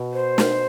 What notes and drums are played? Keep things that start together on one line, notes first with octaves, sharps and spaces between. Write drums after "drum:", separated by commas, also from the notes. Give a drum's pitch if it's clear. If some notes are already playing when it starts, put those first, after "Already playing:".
Already playing: B2
C5
drum: snare